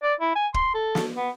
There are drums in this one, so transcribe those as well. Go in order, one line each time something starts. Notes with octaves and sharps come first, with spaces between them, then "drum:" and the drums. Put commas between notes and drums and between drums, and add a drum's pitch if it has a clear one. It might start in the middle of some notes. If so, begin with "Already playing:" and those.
D5
E4
G#5
C6, drum: kick
A4
drum: snare
B3